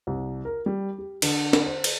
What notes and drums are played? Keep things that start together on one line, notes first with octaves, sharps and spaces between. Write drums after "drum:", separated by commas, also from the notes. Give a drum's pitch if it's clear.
C2
A#4
G3
G4
D3, drum: cymbal
drum: snare
C5
drum: cymbal